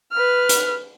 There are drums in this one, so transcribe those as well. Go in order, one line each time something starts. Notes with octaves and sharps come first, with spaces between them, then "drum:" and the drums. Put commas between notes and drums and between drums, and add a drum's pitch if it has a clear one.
B4 F6
drum: hi-hat